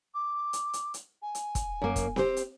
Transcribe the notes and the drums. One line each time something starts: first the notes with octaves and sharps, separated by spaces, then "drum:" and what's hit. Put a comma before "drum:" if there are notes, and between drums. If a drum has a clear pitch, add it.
D6
drum: hi-hat
drum: hi-hat
drum: hi-hat
G#5
drum: hi-hat
drum: kick, hi-hat
F#2 A#3
drum: kick, hi-hat
C4 G4 C5, drum: snare C4
drum: hi-hat